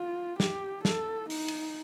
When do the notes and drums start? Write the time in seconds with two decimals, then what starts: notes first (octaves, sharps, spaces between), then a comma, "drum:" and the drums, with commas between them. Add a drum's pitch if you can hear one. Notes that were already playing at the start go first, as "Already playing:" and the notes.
Already playing: F4
0.40 G4, drum: snare
0.85 A4, drum: snare
1.30 D#4, drum: open hi-hat
1.48 drum: cymbal